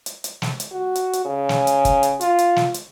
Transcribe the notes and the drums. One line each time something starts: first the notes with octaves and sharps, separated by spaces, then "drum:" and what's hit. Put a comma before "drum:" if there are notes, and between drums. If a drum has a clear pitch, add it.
drum: hi-hat
drum: hi-hat
drum: snare
drum: hi-hat
F#4
drum: hi-hat
drum: hi-hat
C#3
drum: snare
drum: hi-hat
drum: kick, hi-hat
drum: hi-hat
F4, drum: hi-hat
drum: hi-hat
drum: snare
drum: hi-hat